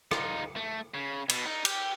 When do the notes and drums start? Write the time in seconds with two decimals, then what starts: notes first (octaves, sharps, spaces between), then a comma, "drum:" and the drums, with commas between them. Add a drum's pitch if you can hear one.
0.11 D#4 F4, drum: rim click
0.56 A3
0.94 C#3
1.29 B2, drum: cymbal
1.46 D#4
1.65 G4, drum: cymbal